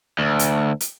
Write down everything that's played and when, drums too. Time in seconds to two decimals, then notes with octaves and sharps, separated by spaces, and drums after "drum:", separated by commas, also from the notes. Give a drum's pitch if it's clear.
0.19 D2
0.39 drum: hi-hat
0.80 drum: hi-hat